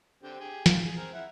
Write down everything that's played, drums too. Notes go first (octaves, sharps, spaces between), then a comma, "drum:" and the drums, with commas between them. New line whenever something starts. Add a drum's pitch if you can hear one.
D3 C4 G4
G4 G#4
D#3 F4, drum: snare
G#4
C4 G#4 A#4
E4 E5 F#5